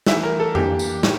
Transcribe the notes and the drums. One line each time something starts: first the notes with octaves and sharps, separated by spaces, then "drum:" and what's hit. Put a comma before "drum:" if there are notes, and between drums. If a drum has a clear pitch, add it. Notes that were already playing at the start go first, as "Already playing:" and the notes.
E3 A3 E4 E5, drum: snare
A#4
A4
E3 A#3 D4 G4, drum: tom F2
drum: tambourine
A2, drum: snare